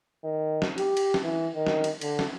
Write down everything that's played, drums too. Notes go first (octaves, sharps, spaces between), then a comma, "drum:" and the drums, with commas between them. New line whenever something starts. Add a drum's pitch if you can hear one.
D#3
drum: snare
G4, drum: cymbal
drum: cymbal
drum: snare
E3
D#3
drum: snare
drum: cymbal
D3, drum: cymbal
drum: snare